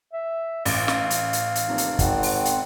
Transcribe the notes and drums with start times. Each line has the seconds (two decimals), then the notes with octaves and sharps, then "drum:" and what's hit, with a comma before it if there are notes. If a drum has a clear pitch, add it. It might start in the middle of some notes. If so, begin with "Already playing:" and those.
0.13 E5
0.66 A1 F5, drum: open hi-hat
0.88 drum: snare
1.10 drum: hi-hat
1.33 drum: hi-hat
1.55 drum: hi-hat
1.69 F1 A#3
1.78 drum: hi-hat
1.99 G#1 C4 F#5, drum: kick, hi-hat
2.23 drum: open hi-hat
2.45 drum: hi-hat